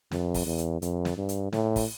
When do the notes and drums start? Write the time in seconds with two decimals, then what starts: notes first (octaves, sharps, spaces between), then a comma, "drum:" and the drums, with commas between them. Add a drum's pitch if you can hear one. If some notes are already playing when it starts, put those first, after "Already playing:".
0.11 F2, drum: snare
0.34 drum: kick, open hi-hat
0.46 E2
0.58 drum: hi-hat
0.82 F2, drum: hi-hat
1.05 drum: snare
1.17 G2
1.29 drum: hi-hat
1.53 A2, drum: snare
1.76 drum: kick, open hi-hat